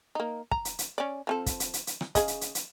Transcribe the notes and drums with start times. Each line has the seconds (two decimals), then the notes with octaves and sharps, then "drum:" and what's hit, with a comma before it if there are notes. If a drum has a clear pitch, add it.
0.15 A#3 D#4
0.51 A#5, drum: kick
0.65 drum: hi-hat
0.79 drum: hi-hat
0.98 C#4 D5
1.27 F3 C4 A4
1.46 drum: kick, hi-hat
1.60 drum: hi-hat
1.73 drum: hi-hat
1.87 drum: hi-hat
2.01 drum: rim click
2.15 C#3 G#4 D#5, drum: kick, hi-hat
2.28 drum: hi-hat
2.41 drum: hi-hat
2.55 drum: hi-hat